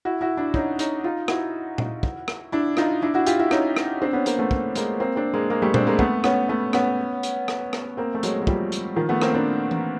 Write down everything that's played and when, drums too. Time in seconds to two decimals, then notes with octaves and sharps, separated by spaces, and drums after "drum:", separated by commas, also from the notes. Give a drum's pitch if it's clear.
0.05 E4 F#4
0.21 E4 F#4
0.37 D4 E4
0.54 C#4 D#4, drum: kick
0.79 C#4 D#4, drum: hi-hat
1.04 D#4 F4
1.28 E4 F#4, drum: rim click
1.78 drum: tom A#2
2.03 drum: kick
2.28 drum: rim click
2.52 D4 E4
2.77 D#4 F4, drum: rim click
3.02 D4 E4
3.14 E4 F#4
3.27 F4 G4, drum: hi-hat
3.39 E4 F#4
3.51 C#4 D#4, drum: rim click
3.76 drum: rim click
4.02 C4 D4
4.13 B3 C#4
4.26 A#3 C4, drum: hi-hat
4.39 A3 B3
4.51 drum: kick
4.75 G#3 A#3, drum: hi-hat
5.00 A#3 C4
5.16 C4 D4
5.34 G#3 A#3
5.50 G#3 A#3
5.62 G3 A3
5.74 C4 D4, drum: tom A#2
5.86 G#3 A#3
5.99 A3 B3, drum: kick
6.24 B3 C#4, drum: rim click
6.49 A3 B3
6.73 B3 C#4, drum: rim click
7.23 drum: hi-hat
7.48 drum: rim click
7.73 drum: rim click
7.97 A#3 C4
8.14 A3
8.23 F#3 G#3, drum: hi-hat
8.42 F#3
8.47 F3 G3, drum: kick
8.72 drum: hi-hat
8.96 D#3 F3
9.09 A3 B3
9.22 A#3 C4, drum: rim click
9.34 C4 D4
9.71 drum: tom E3